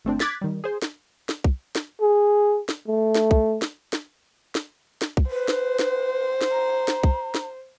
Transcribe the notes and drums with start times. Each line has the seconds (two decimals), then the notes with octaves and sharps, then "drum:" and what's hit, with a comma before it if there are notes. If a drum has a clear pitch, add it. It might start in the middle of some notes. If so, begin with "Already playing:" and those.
0.05 G1 A3 C4 D4
0.20 D6 F#6 G#6 A6 B6, drum: snare
0.41 D#3 G3
0.64 G#4 C5
0.82 drum: snare
1.29 drum: snare
1.44 drum: kick
1.75 drum: snare
2.01 G#4
2.69 drum: snare
2.88 A3
3.15 drum: snare
3.31 drum: kick
3.62 drum: snare
3.93 drum: snare
4.55 drum: snare
5.02 drum: snare
5.17 drum: kick
5.30 B4 C5
5.48 drum: snare
5.79 drum: snare
6.41 drum: snare
6.51 A#5
6.88 drum: snare
7.03 drum: kick
7.35 drum: snare